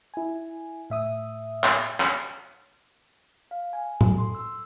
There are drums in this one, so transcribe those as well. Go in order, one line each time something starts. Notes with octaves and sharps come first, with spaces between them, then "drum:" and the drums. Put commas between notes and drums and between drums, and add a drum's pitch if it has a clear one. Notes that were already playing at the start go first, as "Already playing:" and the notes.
E4 G#5
A2 E5 D#6
drum: clap
drum: clap
F5
G#5
A4, drum: tom A2
C6
E6